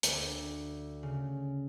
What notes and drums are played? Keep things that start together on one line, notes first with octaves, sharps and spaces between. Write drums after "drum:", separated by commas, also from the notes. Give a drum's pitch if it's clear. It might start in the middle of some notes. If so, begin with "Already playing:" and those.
D2, drum: hi-hat
C#3